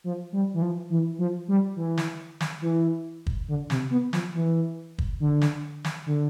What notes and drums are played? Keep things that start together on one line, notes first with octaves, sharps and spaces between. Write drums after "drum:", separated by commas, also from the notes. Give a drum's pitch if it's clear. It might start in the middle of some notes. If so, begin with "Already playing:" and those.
F3
G3
E3
F3
E3
F3
G3
E3
drum: snare
drum: snare
E3
drum: kick
D3
C3, drum: snare
B3
F3, drum: snare
E3
drum: kick
D3
drum: snare
drum: snare
D3